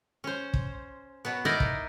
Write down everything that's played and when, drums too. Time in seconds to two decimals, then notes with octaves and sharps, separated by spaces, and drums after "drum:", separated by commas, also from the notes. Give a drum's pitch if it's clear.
0.24 C#4 C5
0.54 drum: kick
1.25 B2 F#3 B3
1.45 D#4 E4 A#4 D5 D#5
1.60 drum: kick